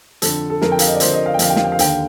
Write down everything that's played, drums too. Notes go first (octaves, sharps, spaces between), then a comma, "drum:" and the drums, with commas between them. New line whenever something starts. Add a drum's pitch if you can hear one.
F2 D3 A4, drum: hi-hat
A4
F2 D3 A#4, drum: snare
G5
F5, drum: hi-hat
D#5
D5
F2 D3 C5, drum: hi-hat
D#5
F5
G5
F2 D3 F5, drum: hi-hat
G5
F5, drum: snare
G5
F5
D#2 D3 G5, drum: hi-hat
F5